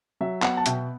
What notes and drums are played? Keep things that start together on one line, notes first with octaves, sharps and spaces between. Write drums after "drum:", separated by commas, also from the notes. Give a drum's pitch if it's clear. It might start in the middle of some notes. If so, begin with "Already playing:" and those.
F#3 E5
B3 F#5, drum: clap
A5
B2 E5 G5, drum: hi-hat